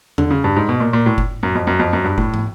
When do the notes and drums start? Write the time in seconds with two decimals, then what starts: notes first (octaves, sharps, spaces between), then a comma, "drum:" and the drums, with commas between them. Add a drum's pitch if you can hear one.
0.18 D3, drum: tom
0.31 C#3
0.44 G2
0.56 G#2
0.69 B2
0.80 A#2
0.93 A#2
1.06 A2
1.18 drum: kick F#1
1.43 F#2
1.55 F2
1.67 F#2
1.79 F2
1.93 F#2
2.04 G2
2.18 A2, drum: kick F#1
2.34 drum: tom